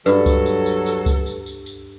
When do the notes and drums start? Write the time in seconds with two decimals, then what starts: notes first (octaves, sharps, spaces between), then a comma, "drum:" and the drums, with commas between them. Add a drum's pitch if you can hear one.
0.06 G2 F#3 A4 B4, drum: tambourine
0.26 drum: kick C#2, tambourine
0.46 drum: tambourine
0.66 drum: tambourine
0.86 drum: tambourine
1.06 drum: kick C#2, tambourine
1.26 drum: tambourine
1.46 drum: tambourine
1.66 drum: tambourine